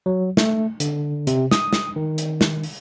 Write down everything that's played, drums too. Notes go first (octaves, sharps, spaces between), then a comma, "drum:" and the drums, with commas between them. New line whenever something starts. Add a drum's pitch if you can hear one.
F#3
A3, drum: snare
D3, drum: hi-hat
C3, drum: hi-hat
D#6, drum: snare
drum: snare
D#3
drum: hi-hat
drum: snare
drum: open hi-hat